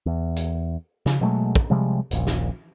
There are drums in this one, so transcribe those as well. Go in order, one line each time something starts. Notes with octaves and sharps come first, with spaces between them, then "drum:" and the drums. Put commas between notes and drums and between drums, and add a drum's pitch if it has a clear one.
E2
drum: hi-hat
C#3, drum: snare
B2 F#3 G#3 A3
drum: kick
C3 F3 G3 G#3
D#1 A#1, drum: hi-hat
drum: snare